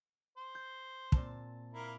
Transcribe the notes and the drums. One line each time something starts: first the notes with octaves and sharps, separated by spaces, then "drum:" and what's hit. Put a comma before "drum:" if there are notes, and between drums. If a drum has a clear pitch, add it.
C5
G6
A#2 C4 A5, drum: kick
A#3 E4 A#4